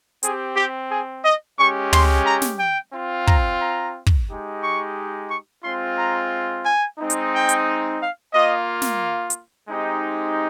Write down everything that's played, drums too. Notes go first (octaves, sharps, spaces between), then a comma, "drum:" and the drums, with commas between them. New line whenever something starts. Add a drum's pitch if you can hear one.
C4 G4 G#4, drum: hi-hat
G4
G#4
D#5
G#3 C#4 G4 C#6
C6, drum: tom
A#5
drum: snare
G5
C4 F4
A#5, drum: kick
A#5
drum: kick
G#3 D#4 G4
C#6
C#6
G#3 C4 F4 C6
A#5
G#5
G#3 C4 D#4
drum: hi-hat
G5
drum: hi-hat
F5
A#3 F4 D#5
drum: snare
drum: hi-hat
G#3 C4 D#4 G4